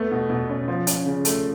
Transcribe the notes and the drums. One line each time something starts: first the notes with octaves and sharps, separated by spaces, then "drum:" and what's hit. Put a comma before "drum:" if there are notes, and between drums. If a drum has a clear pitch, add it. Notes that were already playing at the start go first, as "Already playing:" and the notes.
Already playing: A3 B3
B2
B2
C#4
F3
C#4, drum: hi-hat
C#3
A3, drum: hi-hat